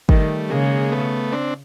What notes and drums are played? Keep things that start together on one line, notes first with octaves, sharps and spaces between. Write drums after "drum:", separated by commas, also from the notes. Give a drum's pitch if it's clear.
D#3 G3 A3, drum: kick
C#3 G#3 A#3
A3 B3
C4 D4